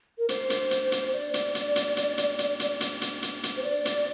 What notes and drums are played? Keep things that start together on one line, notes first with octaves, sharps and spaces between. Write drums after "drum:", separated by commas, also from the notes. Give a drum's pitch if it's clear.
A#4
C5, drum: hi-hat
drum: hi-hat
drum: hi-hat
drum: hi-hat
D5
drum: hi-hat
drum: hi-hat
drum: hi-hat
drum: hi-hat
drum: hi-hat
drum: hi-hat
drum: hi-hat
drum: hi-hat
drum: hi-hat
drum: hi-hat
drum: hi-hat
C5
D5
drum: hi-hat